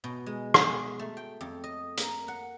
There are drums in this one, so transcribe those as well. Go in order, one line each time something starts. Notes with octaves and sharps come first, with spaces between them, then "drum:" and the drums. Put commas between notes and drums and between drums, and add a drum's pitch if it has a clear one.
B2
G#3
G#4, drum: rim click
A3
G5
F2
D#5
A#3, drum: hi-hat
F#5